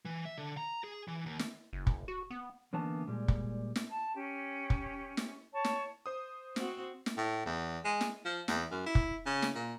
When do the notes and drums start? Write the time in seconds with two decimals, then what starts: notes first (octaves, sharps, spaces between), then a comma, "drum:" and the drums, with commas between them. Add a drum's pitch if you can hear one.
0.05 E3
0.25 E5
0.38 D3
0.57 A#5
0.84 G#4
1.08 E3
1.26 D#2
1.39 drum: snare
1.73 F#1
1.87 drum: kick
2.08 F#4
2.30 B3
2.73 D3 E3 A#3 B3 C#4 A5
3.08 A#2 G3 G#3
3.28 drum: kick
3.76 drum: snare
3.88 A5
4.14 C#4 G4
4.70 drum: kick
5.17 drum: snare
5.53 C#5 A5
5.64 drum: snare
6.06 C5 D#6
6.56 C4 F#4, drum: snare
7.06 drum: snare
7.18 A2
7.46 E2
7.85 G#3
8.01 drum: snare
8.25 F3
8.48 E2, drum: snare
8.71 F#2
8.86 E4
8.95 drum: kick
9.26 C#3
9.42 drum: snare
9.55 A#2